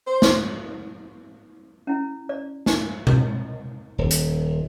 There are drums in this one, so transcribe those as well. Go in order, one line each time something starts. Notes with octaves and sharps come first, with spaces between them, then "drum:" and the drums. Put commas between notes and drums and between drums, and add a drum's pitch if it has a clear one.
C5
drum: snare
C#4 E4
D5
D4, drum: snare
drum: tom B2
D#1
drum: hi-hat